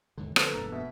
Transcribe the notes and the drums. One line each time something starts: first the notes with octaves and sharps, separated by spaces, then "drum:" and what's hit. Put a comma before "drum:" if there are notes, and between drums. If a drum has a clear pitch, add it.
D#2 G#2 D3
F2 D3 A4 B4 C5, drum: rim click
E1 G2 A#3 A#5
B2 E5